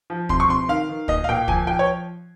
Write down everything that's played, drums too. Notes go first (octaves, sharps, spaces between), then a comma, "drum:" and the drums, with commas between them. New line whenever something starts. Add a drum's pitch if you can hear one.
F3
C3 C6, drum: kick
C#6
C3 C6
D#3 F5
D#3
A#2 D#5, drum: kick
F5
A#2 G5
F3 G#5, drum: kick
F3 G5
C#5